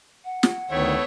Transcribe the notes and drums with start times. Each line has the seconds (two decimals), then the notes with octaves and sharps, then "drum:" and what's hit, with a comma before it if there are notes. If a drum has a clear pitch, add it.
0.25 F#5
0.43 drum: snare
0.71 D2 D#3 A3 B3 E4 C#5